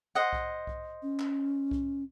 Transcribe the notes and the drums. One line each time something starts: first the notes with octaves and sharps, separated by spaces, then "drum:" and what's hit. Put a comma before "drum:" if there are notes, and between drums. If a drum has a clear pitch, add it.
C5 D#5 F#5
drum: kick B1
drum: kick B1
C#4
drum: clap
drum: kick B1